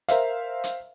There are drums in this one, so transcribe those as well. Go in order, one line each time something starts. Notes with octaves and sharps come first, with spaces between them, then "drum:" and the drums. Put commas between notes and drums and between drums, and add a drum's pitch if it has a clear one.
A#4 C5 E5 F5, drum: hi-hat
drum: hi-hat